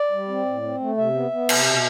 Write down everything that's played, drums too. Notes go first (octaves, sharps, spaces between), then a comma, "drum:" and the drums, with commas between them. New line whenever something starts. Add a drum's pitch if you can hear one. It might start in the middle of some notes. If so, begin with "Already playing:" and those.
Already playing: D5
G3
C4
A2
C4
A3
C3 E5
B3
B3
C3, drum: cymbal
B2